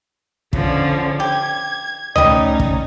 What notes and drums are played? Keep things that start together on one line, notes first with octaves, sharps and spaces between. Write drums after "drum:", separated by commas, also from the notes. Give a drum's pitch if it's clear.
D3 F3 C#4, drum: kick
G4 G#6
G3 A3 C#4 D#4 D#5, drum: tom C#2
drum: kick